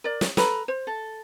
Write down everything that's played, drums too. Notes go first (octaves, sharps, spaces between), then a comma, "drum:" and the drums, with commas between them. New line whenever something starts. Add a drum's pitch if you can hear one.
A#4 D5
drum: snare
A4 B4 A#5 B5, drum: snare
C5
A4